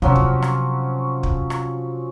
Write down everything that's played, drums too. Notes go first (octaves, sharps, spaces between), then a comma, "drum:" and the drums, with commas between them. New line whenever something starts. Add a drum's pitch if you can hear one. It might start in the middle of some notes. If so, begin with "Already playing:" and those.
C3 F3 F#3 C#4
drum: kick
drum: rim click
drum: kick
drum: rim click